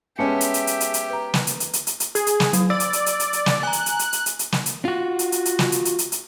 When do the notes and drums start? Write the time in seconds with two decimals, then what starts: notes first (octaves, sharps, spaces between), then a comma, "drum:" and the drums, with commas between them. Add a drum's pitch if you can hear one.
0.19 G#3 B3 C#4 G4 E5 G#5 A5 C#7
0.41 drum: hi-hat
0.54 drum: hi-hat
0.67 drum: hi-hat
0.80 drum: hi-hat
0.94 drum: hi-hat
1.10 B4 A#5
1.34 drum: snare
1.47 drum: hi-hat
1.60 drum: hi-hat
1.73 drum: hi-hat
1.87 drum: hi-hat
2.00 drum: hi-hat
2.15 G#4, drum: hi-hat
2.27 drum: hi-hat
2.40 drum: snare
2.53 F#3, drum: hi-hat
2.70 D5 E6
2.80 drum: hi-hat
2.93 drum: hi-hat
3.06 drum: hi-hat
3.20 drum: hi-hat
3.33 drum: hi-hat
3.46 drum: snare
3.63 G#5 A#5 F#6
3.73 drum: hi-hat
3.86 drum: hi-hat
3.99 drum: hi-hat
4.13 drum: hi-hat
4.26 drum: hi-hat
4.39 drum: hi-hat
4.52 drum: snare
4.66 drum: hi-hat
4.85 F4 F#4
5.19 drum: hi-hat
5.32 drum: hi-hat
5.45 drum: hi-hat
5.59 drum: snare
5.72 drum: hi-hat
5.85 drum: hi-hat
5.99 drum: hi-hat
6.12 drum: hi-hat